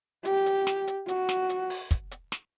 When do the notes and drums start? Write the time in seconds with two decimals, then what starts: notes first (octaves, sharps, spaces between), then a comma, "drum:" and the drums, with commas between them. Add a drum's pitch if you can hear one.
0.25 G4, drum: hi-hat
0.46 drum: hi-hat
0.67 drum: snare
0.87 drum: hi-hat
1.08 F#4, drum: hi-hat
1.29 drum: snare
1.49 drum: hi-hat
1.70 drum: open hi-hat
1.91 drum: kick, hi-hat
2.11 drum: hi-hat
2.32 drum: snare